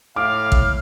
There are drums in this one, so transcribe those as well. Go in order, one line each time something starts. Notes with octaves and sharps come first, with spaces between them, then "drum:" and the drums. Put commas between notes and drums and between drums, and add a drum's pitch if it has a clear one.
A2 F5 D6 F6
drum: kick